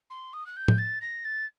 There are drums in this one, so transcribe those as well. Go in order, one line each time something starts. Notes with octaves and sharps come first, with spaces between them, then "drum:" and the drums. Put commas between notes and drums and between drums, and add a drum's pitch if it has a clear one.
C6
D#6
F#6
G6
drum: tom
A6
A#6
A6